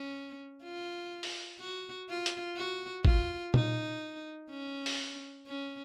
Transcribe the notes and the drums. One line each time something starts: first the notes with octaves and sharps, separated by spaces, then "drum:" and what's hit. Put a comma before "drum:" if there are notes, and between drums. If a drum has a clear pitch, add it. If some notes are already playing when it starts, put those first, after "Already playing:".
Already playing: C#4
F4
drum: open hi-hat
F#4
F4
drum: hi-hat
F#4
F4, drum: kick
D#4, drum: tom A#2
C#4
drum: open hi-hat
C#4